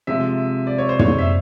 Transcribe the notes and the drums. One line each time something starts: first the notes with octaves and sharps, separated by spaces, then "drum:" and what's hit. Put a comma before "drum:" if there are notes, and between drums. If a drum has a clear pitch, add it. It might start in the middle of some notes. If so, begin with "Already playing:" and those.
C3 F3 G#3 E5
D5
C#5
C5
C#5, drum: tom
E5